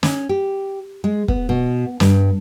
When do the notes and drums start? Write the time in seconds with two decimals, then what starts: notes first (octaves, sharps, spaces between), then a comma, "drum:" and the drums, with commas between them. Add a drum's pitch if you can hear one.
0.03 C#4, drum: snare
0.29 G4
1.04 G#3
1.28 B3, drum: kick
1.49 B2
2.00 G2, drum: snare